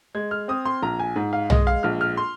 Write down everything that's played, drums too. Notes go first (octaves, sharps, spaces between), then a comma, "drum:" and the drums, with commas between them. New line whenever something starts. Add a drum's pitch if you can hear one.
G#3 G#6
F6
C4 D#6
C6
A#1 A#5
G#5
G#2
F5
G#3 D#5, drum: tom
F5
A#1 F6
F6
C6